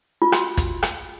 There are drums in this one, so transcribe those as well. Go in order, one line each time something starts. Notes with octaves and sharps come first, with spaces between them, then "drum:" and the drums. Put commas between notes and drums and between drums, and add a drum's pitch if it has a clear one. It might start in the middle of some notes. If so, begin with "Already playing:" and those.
F4
F#4, drum: rim click
drum: kick, hi-hat
drum: rim click